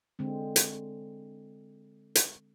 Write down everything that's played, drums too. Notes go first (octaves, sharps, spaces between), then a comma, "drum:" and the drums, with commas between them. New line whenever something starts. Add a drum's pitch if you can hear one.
D3 G#3 C4
drum: hi-hat
drum: hi-hat